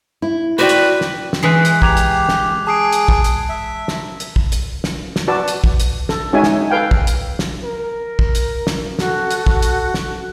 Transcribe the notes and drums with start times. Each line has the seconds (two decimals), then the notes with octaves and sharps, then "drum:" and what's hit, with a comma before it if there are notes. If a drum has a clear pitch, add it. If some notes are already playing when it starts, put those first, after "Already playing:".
0.22 E4
0.59 F#4 B4 C5 D5 G5
0.69 drum: hi-hat
1.01 drum: snare
1.33 drum: snare
1.43 E3 G#3 F#6 B6 C7
1.65 drum: hi-hat
1.82 G4 A#5 G#6 F7, drum: kick
1.97 drum: hi-hat
2.29 drum: snare
2.67 G#4 A5 C7 D7
2.92 drum: hi-hat
3.08 drum: kick
3.24 drum: hi-hat
3.49 E5
3.88 drum: snare
4.20 drum: hi-hat
4.36 drum: kick
4.52 drum: hi-hat
4.84 drum: snare
5.16 drum: snare
5.28 F#4 B4 D5 A5
5.48 drum: hi-hat
5.64 drum: kick
5.80 drum: hi-hat
6.09 A4, drum: snare
6.33 G#3 C#4 D#4 F#4 E5 G#5
6.43 drum: snare
6.70 A4 B4 F5 G5 G#5
6.91 drum: kick
7.07 drum: hi-hat
7.39 drum: snare
7.64 A#4
8.19 drum: kick
8.35 drum: hi-hat
8.67 drum: snare
8.99 F#4 A4, drum: snare
9.31 drum: hi-hat
9.46 drum: kick
9.62 drum: hi-hat
9.94 drum: snare